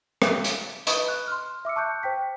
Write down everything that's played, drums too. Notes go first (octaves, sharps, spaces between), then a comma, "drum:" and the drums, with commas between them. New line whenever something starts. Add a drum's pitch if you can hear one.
drum: rim click
drum: hi-hat
B4 D#5 B5 C#6 D#6, drum: hi-hat
F#6
C6 F6
E5 D6 E6 C#7
A5 C#6 D6 F#6 G6 C#7
C5 G5 B6